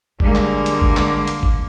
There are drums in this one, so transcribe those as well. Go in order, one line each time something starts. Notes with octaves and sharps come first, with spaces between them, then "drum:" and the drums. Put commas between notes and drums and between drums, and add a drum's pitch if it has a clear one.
D3 G3 G#3 A#3, drum: kick G#1
drum: clap
drum: hi-hat
drum: kick G#1
drum: clap
drum: hi-hat
drum: kick G#1